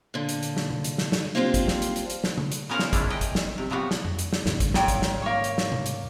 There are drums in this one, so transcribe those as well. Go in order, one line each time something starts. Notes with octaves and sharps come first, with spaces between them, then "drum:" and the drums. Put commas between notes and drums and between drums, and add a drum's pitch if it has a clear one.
A#2 D3
drum: hi-hat
drum: hi-hat
drum: snare
drum: tom C3
drum: hi-hat
drum: snare
drum: snare
A#3 C4 D4 F4 G4 C5
drum: kick, hi-hat
drum: snare
drum: hi-hat
drum: hi-hat
drum: hi-hat
drum: snare
drum: tom C#3
drum: hi-hat
B3 C#4 A#4 C5 F5 F#5
drum: snare
G#3 C#4 D4 E4 D5, drum: kick, hi-hat
E3 D#5 G5
drum: kick, hi-hat
drum: snare
C3
C3 F3 F#3 B3 F#4 G4
drum: snare
drum: tom F2
drum: hi-hat
drum: snare
D#2 G#2 C#3, drum: snare
drum: kick, hi-hat
A#2 C#5 G5, drum: snare
drum: kick, hi-hat
drum: snare
A#3 C#5
drum: hi-hat
drum: snare
drum: tom C3
drum: hi-hat